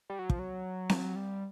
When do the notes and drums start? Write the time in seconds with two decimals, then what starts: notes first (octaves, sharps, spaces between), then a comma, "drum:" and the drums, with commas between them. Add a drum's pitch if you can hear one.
0.10 G3
0.19 F#3
0.30 F3, drum: kick
0.39 F#3
0.89 drum: snare C4
1.15 G3